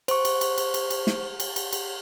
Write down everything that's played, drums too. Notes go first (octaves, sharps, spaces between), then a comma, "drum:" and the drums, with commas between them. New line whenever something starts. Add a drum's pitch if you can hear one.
C5 C#6, drum: cymbal
drum: cymbal
drum: cymbal
drum: cymbal
drum: cymbal
drum: cymbal
drum: snare
drum: cymbal
drum: cymbal
drum: cymbal